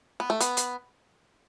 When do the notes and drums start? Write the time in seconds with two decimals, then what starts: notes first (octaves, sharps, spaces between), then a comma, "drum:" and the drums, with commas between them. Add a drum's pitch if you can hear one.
0.20 B3
0.30 A3
0.41 B3, drum: hi-hat
0.57 drum: hi-hat